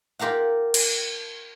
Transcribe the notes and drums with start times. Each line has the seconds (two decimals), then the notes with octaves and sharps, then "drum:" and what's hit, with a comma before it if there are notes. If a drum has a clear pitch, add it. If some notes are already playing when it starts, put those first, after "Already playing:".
0.19 F4 G4 A#4 F5 F#5
0.74 drum: cymbal